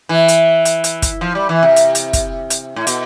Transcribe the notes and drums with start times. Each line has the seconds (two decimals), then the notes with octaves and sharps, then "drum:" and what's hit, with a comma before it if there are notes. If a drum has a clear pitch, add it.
0.09 E3
0.28 drum: hi-hat
0.65 drum: hi-hat
0.84 drum: hi-hat
1.02 drum: kick, hi-hat
1.21 F3
1.35 G3
1.49 E3
1.63 C3
1.76 drum: hi-hat
1.95 drum: hi-hat
2.13 drum: kick, hi-hat
2.50 drum: hi-hat
2.76 A2
2.87 B2, drum: hi-hat